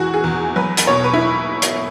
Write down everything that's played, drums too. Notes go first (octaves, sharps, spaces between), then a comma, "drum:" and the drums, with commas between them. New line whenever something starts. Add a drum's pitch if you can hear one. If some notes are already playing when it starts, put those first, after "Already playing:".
Already playing: E2 E3 F#4 G#4
G#4
E2
F#3 B4
drum: hi-hat
B2 C#5
B4
E4
drum: hi-hat